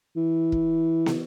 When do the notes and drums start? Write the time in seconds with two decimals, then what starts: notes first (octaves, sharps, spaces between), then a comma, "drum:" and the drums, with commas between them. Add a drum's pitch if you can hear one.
0.17 E3
0.52 drum: kick
1.06 drum: snare